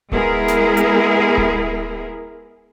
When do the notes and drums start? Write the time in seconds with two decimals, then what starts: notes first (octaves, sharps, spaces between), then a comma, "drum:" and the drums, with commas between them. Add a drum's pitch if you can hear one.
0.12 G#3 B3 E4 G#4 A#4, drum: kick D1
0.48 drum: snare
0.77 drum: hi-hat
1.37 drum: kick D1